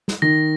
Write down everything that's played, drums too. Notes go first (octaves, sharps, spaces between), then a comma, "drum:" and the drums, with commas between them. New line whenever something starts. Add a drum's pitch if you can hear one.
drum: snare
D#3 A#6